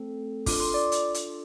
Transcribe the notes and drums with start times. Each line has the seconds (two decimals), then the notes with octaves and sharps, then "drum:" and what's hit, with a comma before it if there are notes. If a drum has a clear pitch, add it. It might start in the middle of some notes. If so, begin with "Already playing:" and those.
Already playing: A3 C4 A4
0.46 D4 F4 A4 D6, drum: kick G1, open hi-hat
0.60 C6
0.74 D5 D6
0.92 drum: hi-hat
1.14 drum: hi-hat